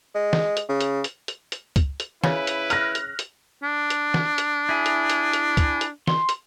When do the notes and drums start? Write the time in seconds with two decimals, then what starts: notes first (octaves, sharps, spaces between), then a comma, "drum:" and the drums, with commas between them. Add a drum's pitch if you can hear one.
0.15 G#3
0.33 drum: snare
0.57 drum: hi-hat
0.69 C#3
0.81 drum: hi-hat
1.04 drum: hi-hat
1.28 drum: hi-hat
1.52 drum: hi-hat
1.76 drum: kick C#2, hi-hat
2.00 drum: hi-hat
2.24 C#3 E4 B4, drum: snare
2.47 drum: hi-hat
2.70 F6 F#6 A#6, drum: hi-hat
2.95 drum: hi-hat
3.19 drum: hi-hat
3.63 D4
3.90 drum: hi-hat
4.14 drum: snare
4.38 drum: hi-hat
4.69 E4 G#4
4.86 drum: hi-hat
5.10 drum: hi-hat
5.33 drum: hi-hat
5.57 drum: kick C#2, hi-hat
5.81 drum: hi-hat
6.07 C6, drum: snare
6.29 drum: hi-hat